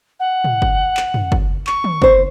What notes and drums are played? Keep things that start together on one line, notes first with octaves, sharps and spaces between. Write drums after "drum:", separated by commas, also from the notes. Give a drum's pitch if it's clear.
F#5
drum: tom
drum: kick
drum: clap
drum: tom
drum: kick
C#6, drum: clap
drum: tom
C4 C5, drum: kick